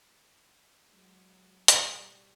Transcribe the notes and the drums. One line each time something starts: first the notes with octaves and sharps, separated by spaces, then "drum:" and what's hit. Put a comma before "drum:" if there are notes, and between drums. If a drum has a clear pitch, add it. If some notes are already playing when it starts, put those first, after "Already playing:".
F#3 G#3
B2 G3, drum: hi-hat